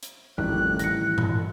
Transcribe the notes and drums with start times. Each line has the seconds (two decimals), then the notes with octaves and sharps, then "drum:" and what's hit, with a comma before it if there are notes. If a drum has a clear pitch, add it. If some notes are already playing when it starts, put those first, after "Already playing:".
0.03 drum: hi-hat
0.38 A1 F2 A2 D#3 G3 F#6
0.79 E3 A#6 C#7, drum: hi-hat
1.18 drum: tom A2